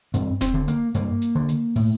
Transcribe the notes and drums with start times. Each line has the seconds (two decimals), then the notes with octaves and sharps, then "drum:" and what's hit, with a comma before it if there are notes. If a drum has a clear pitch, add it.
0.14 G2 C4, drum: hi-hat
0.41 C4, drum: snare E1
0.54 D3
0.68 A#3, drum: hi-hat
0.94 G2 A#3, drum: hi-hat
1.22 drum: hi-hat
1.35 D3
1.49 drum: hi-hat
1.76 A2, drum: open hi-hat